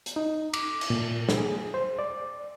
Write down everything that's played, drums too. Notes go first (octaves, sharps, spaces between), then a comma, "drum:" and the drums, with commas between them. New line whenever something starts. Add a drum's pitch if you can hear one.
drum: hi-hat
D#4
D6, drum: cymbal
drum: cymbal
A#2
drum: snare
G#4
C5
D5